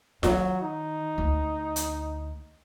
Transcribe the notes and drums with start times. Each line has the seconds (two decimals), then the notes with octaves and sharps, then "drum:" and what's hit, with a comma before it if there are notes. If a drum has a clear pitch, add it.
0.23 D#3 F#3, drum: snare F4
0.60 D#4
1.18 D2
1.76 drum: hi-hat